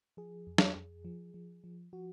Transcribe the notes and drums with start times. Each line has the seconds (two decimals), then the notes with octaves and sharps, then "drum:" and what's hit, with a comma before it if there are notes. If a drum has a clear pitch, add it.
0.17 F3 G#4
0.47 F2
0.58 drum: snare
0.76 F2
1.05 F3
1.34 F3
1.64 F3
1.93 F3 F#4